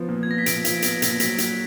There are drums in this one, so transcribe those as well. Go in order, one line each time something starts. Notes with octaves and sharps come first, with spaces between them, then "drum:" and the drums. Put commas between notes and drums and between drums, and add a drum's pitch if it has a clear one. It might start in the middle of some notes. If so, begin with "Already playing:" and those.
Already playing: F3 B3
A#2
G#6
B3 A#6
B6
A#2 D7, drum: hi-hat
F3, drum: hi-hat
B3, drum: hi-hat
A#2, drum: hi-hat
A#6
F#3 B6, drum: hi-hat
F#4, drum: hi-hat